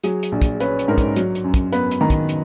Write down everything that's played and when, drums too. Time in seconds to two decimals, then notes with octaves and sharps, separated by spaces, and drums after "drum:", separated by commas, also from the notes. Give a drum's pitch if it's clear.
0.04 F#3 G#4, drum: hi-hat
0.23 drum: hi-hat
0.32 A#1
0.42 drum: kick, hi-hat
0.60 C#4 B4, drum: hi-hat
0.79 drum: hi-hat
0.88 G#2 A#4
0.98 drum: kick, hi-hat
1.16 F#3, drum: hi-hat
1.35 drum: hi-hat
1.44 F#2
1.54 drum: kick, hi-hat
1.72 B3 B4, drum: hi-hat
1.91 drum: hi-hat
2.01 D#3 A#5
2.10 drum: kick, hi-hat
2.29 drum: hi-hat